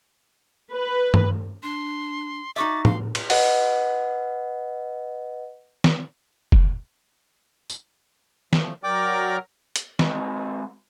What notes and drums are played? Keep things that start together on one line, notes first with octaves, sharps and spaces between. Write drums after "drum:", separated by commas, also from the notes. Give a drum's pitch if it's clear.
B4
drum: tom G2
D4 C6
D#4 F#4 E5 D6 A6
F5 C6, drum: tom
drum: cymbal
B4 D#5 F#5, drum: open hi-hat
drum: snare
drum: kick F1
drum: tambourine
F3 A3, drum: snare
F#3 A#4 D5 G5 D6
drum: hi-hat
G#3 C4 F#4 B4 C#5 D#5, drum: snare